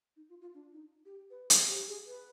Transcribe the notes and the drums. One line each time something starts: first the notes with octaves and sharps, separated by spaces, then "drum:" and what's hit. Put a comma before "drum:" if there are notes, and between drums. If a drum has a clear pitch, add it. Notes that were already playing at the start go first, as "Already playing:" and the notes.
D#4
F4
F4
D4
D#4
G4
B4
G#4, drum: hi-hat
G4
G#4
B4